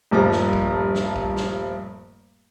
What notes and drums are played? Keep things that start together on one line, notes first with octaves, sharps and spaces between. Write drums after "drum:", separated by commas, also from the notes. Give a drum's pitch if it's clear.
D#1 G2 F3 A3 A#5
drum: snare
drum: kick A#1
drum: snare
drum: kick A#1
drum: snare